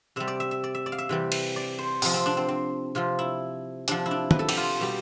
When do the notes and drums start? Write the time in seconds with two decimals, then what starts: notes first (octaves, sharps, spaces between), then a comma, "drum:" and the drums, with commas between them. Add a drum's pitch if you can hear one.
0.16 C3 G3 E5
0.27 D5
0.40 E5
0.51 E5
0.64 D5
0.75 E5
0.86 D5
0.92 F5
0.98 E5
1.09 C3 E3 G3
1.32 drum: cymbal
1.56 D5
1.79 C5
2.02 C3 F3, drum: open hi-hat
2.14 C4
2.26 D4
2.37 C4
2.48 C4
2.95 C3 F3 F4
3.19 E4
3.88 C3 F3 D4, drum: hi-hat
4.06 E4
4.11 D4
4.31 B4, drum: tom
4.39 A4
4.49 G4, drum: cymbal
4.57 F4
4.80 B2 G3 G4